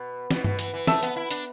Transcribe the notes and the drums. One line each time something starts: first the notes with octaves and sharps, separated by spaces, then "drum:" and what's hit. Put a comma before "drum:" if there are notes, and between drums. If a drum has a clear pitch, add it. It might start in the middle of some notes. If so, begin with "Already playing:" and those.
Already playing: B2
B2, drum: snare
B2, drum: tom G2
E3, drum: hi-hat
E3
A3 E5 A5 E6, drum: snare
B3, drum: hi-hat
E4
D4, drum: hi-hat